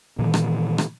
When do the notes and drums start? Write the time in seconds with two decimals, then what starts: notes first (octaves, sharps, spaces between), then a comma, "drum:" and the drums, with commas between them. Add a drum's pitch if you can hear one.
0.19 A#2 D#3 E3
0.34 drum: rim click
0.78 drum: rim click